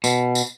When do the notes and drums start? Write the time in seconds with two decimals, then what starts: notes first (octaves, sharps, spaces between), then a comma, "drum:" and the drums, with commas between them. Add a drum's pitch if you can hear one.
0.04 B2, drum: tambourine
0.35 drum: tambourine